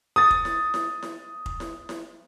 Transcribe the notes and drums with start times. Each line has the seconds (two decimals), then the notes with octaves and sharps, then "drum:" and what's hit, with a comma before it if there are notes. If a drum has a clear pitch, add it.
0.16 D#6 A6
0.31 drum: kick F1
0.45 drum: snare E4
0.74 drum: snare E4
1.03 drum: snare E4
1.46 drum: kick F1
1.60 drum: snare E4
1.89 drum: snare E4